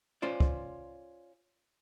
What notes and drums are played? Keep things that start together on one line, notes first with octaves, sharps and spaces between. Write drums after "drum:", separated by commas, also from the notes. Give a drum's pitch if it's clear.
C#4 F4 C5 D5
drum: kick